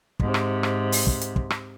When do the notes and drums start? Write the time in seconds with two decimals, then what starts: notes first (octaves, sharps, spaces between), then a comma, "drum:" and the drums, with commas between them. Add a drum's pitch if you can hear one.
0.20 G#2 C3, drum: kick
0.34 drum: rim click
0.63 drum: rim click
0.92 drum: open hi-hat
1.07 drum: kick
1.21 drum: hi-hat
1.36 drum: kick
1.50 drum: rim click